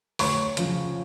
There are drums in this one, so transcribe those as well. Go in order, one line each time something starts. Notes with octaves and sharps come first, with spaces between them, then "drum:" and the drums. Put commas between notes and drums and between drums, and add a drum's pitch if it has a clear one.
D2 C#5 C#6, drum: open hi-hat
C#3 F3, drum: hi-hat